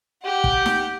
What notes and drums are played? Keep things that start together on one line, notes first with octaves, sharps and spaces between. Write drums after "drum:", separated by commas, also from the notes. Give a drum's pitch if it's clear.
G4 F#5
drum: kick
drum: snare D#4